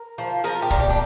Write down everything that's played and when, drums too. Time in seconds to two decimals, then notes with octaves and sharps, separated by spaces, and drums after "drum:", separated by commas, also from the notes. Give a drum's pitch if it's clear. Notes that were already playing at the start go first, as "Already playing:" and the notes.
Already playing: A#4
0.18 F3
0.44 F3 A#4, drum: hi-hat
0.62 G4
0.71 A#2, drum: kick
0.80 G4
0.90 D4